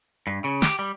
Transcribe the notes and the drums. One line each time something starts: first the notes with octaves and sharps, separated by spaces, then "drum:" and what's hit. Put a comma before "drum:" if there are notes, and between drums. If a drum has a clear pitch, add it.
G2
C#3
G4, drum: snare
G3